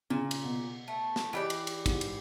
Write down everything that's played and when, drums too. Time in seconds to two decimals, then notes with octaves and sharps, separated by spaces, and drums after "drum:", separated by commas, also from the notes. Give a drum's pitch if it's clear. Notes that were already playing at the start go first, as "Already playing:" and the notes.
0.10 A#2 C#3
0.31 drum: cymbal
0.44 B2
0.88 A3
1.16 drum: snare
1.33 E3 G4 D5 D#5 G5 B5
1.50 drum: cymbal
1.67 drum: cymbal
1.86 G#2, drum: kick, cymbal
2.01 drum: cymbal